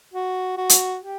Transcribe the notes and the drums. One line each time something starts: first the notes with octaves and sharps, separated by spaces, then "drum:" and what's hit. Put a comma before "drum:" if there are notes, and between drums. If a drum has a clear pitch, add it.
F#4
F#4
drum: hi-hat
G4